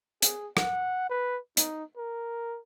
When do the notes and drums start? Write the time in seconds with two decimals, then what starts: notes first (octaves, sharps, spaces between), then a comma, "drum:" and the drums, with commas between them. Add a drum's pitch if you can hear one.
0.22 G#4, drum: hi-hat
0.57 F#5, drum: rim click
1.10 B4
1.57 D#4, drum: hi-hat
1.97 A#4